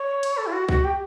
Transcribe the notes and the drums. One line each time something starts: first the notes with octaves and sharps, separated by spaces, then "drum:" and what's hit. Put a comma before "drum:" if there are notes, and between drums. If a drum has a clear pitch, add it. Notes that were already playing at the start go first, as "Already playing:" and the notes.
Already playing: C#5
drum: cymbal
A4
E4
F#4
F#4, drum: kick C2
G4